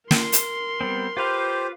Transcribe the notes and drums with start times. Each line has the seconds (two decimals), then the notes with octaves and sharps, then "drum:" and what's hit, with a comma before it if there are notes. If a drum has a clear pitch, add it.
0.11 A#4 C6, drum: snare
0.32 drum: hi-hat
0.81 G3 B3 C4
1.17 F4 G4 B4 C5 F5